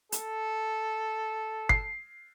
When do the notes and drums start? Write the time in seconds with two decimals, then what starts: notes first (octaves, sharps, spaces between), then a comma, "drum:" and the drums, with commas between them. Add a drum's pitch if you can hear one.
0.12 A4, drum: hi-hat
1.69 C7, drum: kick G1